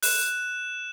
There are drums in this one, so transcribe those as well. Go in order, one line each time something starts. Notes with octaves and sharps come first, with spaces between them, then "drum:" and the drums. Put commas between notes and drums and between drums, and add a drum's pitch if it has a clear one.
F#6 E7, drum: open hi-hat